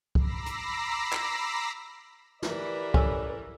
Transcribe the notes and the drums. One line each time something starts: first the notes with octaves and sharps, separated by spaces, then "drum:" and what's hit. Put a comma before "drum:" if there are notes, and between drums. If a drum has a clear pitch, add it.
A#5 B5 D6 E6 A#6 C7, drum: kick C2
drum: hi-hat
drum: clap
E3 G4 A#4 B4 D5, drum: snare
C#4 A4 E6, drum: kick C2